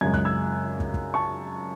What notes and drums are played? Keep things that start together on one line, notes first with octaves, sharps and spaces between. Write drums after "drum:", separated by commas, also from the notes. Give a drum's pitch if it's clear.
F#2 C#3 G#3 G#6
F#6, drum: kick
E6 G#6
drum: kick
drum: kick
A5 C#6